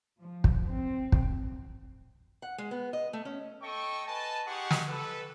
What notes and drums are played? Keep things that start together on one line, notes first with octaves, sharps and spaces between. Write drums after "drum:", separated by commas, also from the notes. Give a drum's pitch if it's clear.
F3
drum: kick
C4
drum: kick
F#5
G#3
B3
D#5
A3
C#4
A4 D#5 G5 C#6
B4 D#5 G#5 A5
D#4 G4 G#4 F#5 C6 C#6
drum: snare
A4 B4